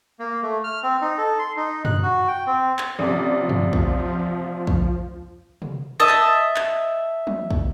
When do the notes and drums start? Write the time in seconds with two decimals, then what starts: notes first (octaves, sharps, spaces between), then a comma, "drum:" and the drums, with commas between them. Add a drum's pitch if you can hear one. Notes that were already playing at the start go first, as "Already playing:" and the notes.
0.19 A#3
0.43 A3
0.64 F6
0.83 C4
1.02 D#4
1.18 A4
1.39 C6
1.57 D#4
1.85 F#6, drum: tom F#2
2.03 F#4
2.28 G5
2.47 C4
2.79 drum: clap
2.99 A1 C3 F3 D5
3.49 drum: tom F#2
3.73 drum: kick
4.67 drum: kick
5.62 drum: tom B2
6.00 D#5 E5 A5
6.09 drum: clap
6.56 drum: clap
7.27 drum: tom
7.51 drum: kick